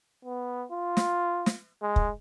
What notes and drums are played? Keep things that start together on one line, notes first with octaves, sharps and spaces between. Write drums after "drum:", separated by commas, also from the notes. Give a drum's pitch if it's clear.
B3
F4
drum: snare
drum: snare
G#3
drum: kick